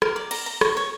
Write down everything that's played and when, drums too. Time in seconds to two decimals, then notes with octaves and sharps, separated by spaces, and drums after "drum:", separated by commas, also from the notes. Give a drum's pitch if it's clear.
0.02 A#4, drum: rim click
0.16 D5
0.31 A#5, drum: cymbal
0.46 A#5
0.61 C#5, drum: rim click
0.77 C#5